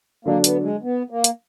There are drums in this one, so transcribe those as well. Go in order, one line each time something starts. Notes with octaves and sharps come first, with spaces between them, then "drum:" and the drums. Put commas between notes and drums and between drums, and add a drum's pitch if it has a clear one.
D3 F#3 A#3 D4
B3, drum: hi-hat
G#3
B3
A#3
drum: hi-hat